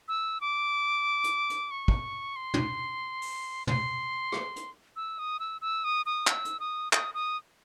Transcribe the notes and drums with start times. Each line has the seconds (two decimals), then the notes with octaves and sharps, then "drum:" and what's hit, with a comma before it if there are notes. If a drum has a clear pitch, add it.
0.08 E6
0.41 D6
1.24 drum: hi-hat
1.50 drum: hi-hat
1.71 C#6
1.88 drum: kick
2.36 C6
2.54 drum: tom
3.22 drum: open hi-hat
3.67 C6, drum: tom
4.32 drum: rim click
4.56 drum: hi-hat
4.96 E6
5.19 D#6
5.40 E6
5.61 E6
5.84 D#6
6.06 D#6
6.27 E6, drum: clap
6.45 drum: hi-hat
6.60 D#6
6.93 D#6, drum: clap
7.14 D#6